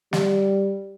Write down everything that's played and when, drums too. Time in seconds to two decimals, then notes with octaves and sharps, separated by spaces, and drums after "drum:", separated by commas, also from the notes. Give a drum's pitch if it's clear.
0.13 G3, drum: snare